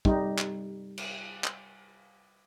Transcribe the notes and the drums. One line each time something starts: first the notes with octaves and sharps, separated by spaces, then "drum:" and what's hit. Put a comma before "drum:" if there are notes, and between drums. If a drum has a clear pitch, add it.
G3 D#4, drum: kick
drum: clap
drum: cymbal
drum: clap